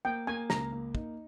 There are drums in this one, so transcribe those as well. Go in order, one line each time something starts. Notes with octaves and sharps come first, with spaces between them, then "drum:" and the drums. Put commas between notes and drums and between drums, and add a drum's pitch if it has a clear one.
A#3 G5
A#3 G#5
C#2 A#5, drum: snare
A#3
D#4, drum: kick